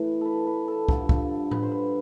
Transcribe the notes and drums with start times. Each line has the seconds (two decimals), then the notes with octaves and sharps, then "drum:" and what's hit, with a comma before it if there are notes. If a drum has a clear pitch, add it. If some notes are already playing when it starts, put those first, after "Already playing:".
Already playing: A2 E3 B4
0.21 A4 B4
0.47 B4
0.68 A4
0.88 G2 D3 F3 A4, drum: kick
1.09 drum: kick
1.51 B4, drum: tom A2
1.63 C5
1.72 B4